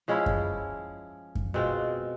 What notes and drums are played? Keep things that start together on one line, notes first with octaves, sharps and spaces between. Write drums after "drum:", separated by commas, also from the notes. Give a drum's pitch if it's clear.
F3 G#3 C#4 E4
drum: kick F#2
drum: kick F#2
B2 G#3 C4 F4